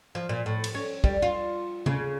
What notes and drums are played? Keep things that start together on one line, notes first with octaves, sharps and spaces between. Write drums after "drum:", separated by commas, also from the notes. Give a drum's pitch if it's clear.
F3
A#2
A2
drum: cymbal
C#4
G3, drum: kick
F4
C#3, drum: tom C3